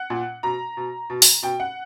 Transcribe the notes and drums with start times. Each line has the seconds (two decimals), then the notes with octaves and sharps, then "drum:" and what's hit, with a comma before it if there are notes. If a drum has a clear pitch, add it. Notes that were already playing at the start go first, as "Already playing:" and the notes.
Already playing: F#5
0.10 A#2
0.43 B2 A#5
0.77 B2
1.10 B2
1.22 drum: open hi-hat
1.43 B2 G5
1.60 F#5